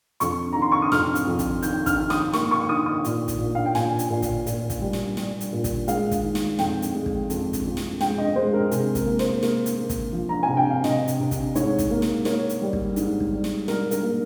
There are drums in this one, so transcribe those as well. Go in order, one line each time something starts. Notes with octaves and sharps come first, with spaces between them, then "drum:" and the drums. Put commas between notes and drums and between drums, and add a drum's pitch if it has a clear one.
F2 C#6, drum: hi-hat
D#3 A#5
C6
C#6
D#6
F2 F6, drum: snare
drum: hi-hat
F2
drum: kick, hi-hat
D#3 G6, drum: hi-hat
F6, drum: kick, hi-hat
D#3
D#6, drum: snare
A#3 C#6, drum: snare
C#6
D#3 D#6
D#6
A#2, drum: hi-hat
drum: kick, hi-hat
A#2
F5
G5
A#2 G#5, drum: snare
drum: hi-hat
A#2
drum: kick, hi-hat
A#2, drum: hi-hat
drum: kick, hi-hat
G3
drum: snare
G3, drum: snare
drum: hi-hat
A#2
drum: kick, hi-hat
G#3 F5, drum: hi-hat
drum: kick, hi-hat
D#3
drum: snare
F2 G5, drum: snare
drum: hi-hat
G#3
drum: kick
F2, drum: hi-hat
drum: kick, hi-hat
F2
drum: snare
G#3 G5, drum: snare
D#5
G#3 C5
A#4
C3 G#4, drum: hi-hat
A#4, drum: kick, hi-hat
A#3
C5, drum: snare
A#3, drum: snare
drum: hi-hat
A#3
drum: kick, hi-hat
F3
A#5
G#5
C3
G5
F5
C3 D#5, drum: snare
drum: hi-hat
C3
drum: kick, hi-hat
G#2 C#5, drum: hi-hat
drum: kick, hi-hat
A#3
drum: snare
A#3 C#5, drum: snare
drum: hi-hat
G3
drum: kick
G#2, drum: hi-hat
drum: kick
G3
drum: snare
G3 A#4, drum: snare
A#4, drum: hi-hat
A#3